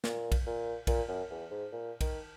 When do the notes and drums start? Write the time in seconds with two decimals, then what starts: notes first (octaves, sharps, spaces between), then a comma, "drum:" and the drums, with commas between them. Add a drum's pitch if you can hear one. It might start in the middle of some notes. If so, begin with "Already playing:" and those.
0.04 A#2, drum: snare
0.32 drum: kick, cymbal
0.46 A#2
0.87 A#2, drum: kick, cymbal
1.08 F#2
1.30 E2
1.50 G#2
1.72 A#2
2.01 D#3, drum: kick, cymbal